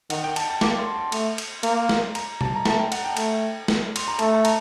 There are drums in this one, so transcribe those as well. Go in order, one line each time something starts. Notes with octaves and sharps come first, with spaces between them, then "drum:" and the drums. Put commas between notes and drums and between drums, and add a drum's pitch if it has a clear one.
D#3 F#5, drum: cymbal
G5
A5, drum: cymbal
A5
A#3 D6, drum: snare
C6
C6
A3, drum: cymbal
drum: cymbal
A#3, drum: cymbal
drum: snare
A#5, drum: cymbal
A5, drum: tom B2
A#5
A3 A5, drum: snare
G5
F#5, drum: cymbal
G5
A3, drum: cymbal
drum: snare
C6, drum: cymbal
A#5
A3 A5, drum: cymbal
A5
A#5, drum: cymbal